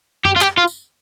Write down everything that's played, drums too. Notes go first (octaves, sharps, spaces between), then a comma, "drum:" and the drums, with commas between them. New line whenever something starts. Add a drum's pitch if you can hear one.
G4, drum: tom F#2
F4
G4, drum: clap
F4
drum: tambourine